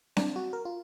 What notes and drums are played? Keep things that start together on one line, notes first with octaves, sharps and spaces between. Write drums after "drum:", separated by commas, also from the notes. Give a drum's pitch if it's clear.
D4, drum: snare C4
F#4
A#4
F4